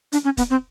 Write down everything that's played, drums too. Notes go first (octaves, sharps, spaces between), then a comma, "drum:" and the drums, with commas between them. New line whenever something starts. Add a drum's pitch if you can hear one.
D4, drum: hi-hat
C#4
B3, drum: kick, hi-hat
C4